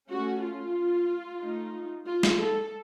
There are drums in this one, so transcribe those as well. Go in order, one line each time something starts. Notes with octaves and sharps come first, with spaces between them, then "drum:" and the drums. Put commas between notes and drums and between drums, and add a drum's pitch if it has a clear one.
A3 C#4 F#4
F4
A3 D#4
F4
drum: snare
A4